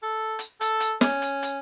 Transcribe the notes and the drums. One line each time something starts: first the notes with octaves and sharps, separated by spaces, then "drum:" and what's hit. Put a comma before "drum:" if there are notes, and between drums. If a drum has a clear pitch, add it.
A4
drum: hi-hat
A4, drum: hi-hat
drum: hi-hat
C#4, drum: snare
drum: hi-hat
drum: hi-hat